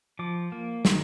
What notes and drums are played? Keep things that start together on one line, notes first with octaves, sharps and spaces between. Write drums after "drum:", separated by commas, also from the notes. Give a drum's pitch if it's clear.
F3 D6
A#3
D#3, drum: snare